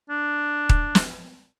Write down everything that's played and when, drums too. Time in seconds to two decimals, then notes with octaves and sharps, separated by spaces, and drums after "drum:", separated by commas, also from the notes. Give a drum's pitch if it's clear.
0.10 D4
0.69 drum: kick D#1
0.95 drum: snare